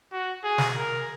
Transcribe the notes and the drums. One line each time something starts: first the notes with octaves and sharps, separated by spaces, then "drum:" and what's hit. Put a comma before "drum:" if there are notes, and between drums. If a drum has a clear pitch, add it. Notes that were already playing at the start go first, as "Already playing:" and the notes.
F#4
G#4
drum: snare
A#4